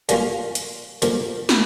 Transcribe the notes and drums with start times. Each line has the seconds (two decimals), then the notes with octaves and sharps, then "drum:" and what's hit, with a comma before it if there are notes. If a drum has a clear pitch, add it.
0.09 G2 G3 A#3 C#4 F4, drum: hi-hat
0.55 drum: hi-hat
1.02 G2 F3 A#3, drum: hi-hat
1.49 drum: snare